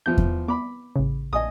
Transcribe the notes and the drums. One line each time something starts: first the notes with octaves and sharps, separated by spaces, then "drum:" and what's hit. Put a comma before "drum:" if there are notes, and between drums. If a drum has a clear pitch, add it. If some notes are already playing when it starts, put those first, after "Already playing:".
E2 F3 G6
drum: kick E2
B3 B5 D6
A1 C#3
A#1 D#5 G#5 D#6